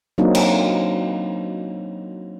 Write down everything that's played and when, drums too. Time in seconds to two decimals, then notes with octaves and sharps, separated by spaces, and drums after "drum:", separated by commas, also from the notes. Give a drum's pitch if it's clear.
0.18 F#3 A#3 C4 D4 D#4
0.35 drum: cymbal